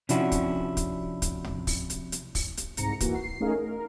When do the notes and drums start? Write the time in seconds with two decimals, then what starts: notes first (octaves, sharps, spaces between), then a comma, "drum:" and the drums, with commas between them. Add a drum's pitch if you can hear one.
0.09 C3 F3 C#4 D4 E4 F#4, drum: hi-hat
0.32 drum: kick, hi-hat
0.77 drum: kick, hi-hat
1.22 drum: kick, hi-hat
1.44 drum: tom
1.67 drum: kick, open hi-hat
1.90 drum: hi-hat
2.12 drum: hi-hat
2.35 drum: kick, open hi-hat
2.57 drum: hi-hat
2.77 C2 G#2 A#5 A#6 C#7, drum: hi-hat
3.00 E3 A#3 F#4, drum: kick, hi-hat
3.15 C7
3.40 A3 C#4 D#4 G#4 A#4 F5
3.53 A#4